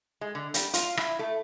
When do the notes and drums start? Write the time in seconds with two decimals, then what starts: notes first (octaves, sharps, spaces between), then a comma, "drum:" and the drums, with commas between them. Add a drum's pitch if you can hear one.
0.21 G#3
0.35 D3
0.54 G3, drum: hi-hat
0.74 F4, drum: hi-hat
0.97 E4, drum: rim click
1.19 A3